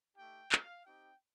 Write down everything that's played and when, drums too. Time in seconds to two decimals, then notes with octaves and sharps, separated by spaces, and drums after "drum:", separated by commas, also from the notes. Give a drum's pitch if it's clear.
0.17 A3 D#4 G4 G5
0.52 F5, drum: clap
0.86 C4 D#4 G4 G5